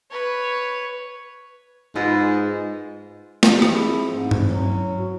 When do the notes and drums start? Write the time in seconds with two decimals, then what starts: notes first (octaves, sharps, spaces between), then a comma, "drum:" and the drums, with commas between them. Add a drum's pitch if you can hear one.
0.11 B4 C#5
1.95 G#2 G#3 F4 B4
3.43 G4, drum: snare
3.62 F3 G#3 C4 E4, drum: rim click
4.10 G#2
4.31 drum: tom G2
4.49 F#3 C#4 E4 B4
4.98 F#4